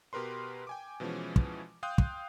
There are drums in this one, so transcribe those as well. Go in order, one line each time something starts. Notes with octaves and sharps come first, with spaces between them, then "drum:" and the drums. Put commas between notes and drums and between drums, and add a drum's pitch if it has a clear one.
B2 G4 A#4 B4 C6
G5 G#5 D6
B2 E3 F3 G#3 C#4
drum: kick
F5 G5 C6 D#6 F#6 G6
drum: kick